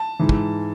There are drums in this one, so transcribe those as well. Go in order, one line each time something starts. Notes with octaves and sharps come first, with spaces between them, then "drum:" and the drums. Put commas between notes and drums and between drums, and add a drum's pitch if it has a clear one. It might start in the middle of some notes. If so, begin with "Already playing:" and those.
Already playing: A5
G#2 E3
drum: kick